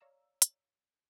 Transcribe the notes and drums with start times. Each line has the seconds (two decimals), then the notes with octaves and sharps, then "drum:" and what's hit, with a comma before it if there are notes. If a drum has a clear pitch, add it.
0.01 C#5 D5 F5 A#5 E6
0.42 drum: hi-hat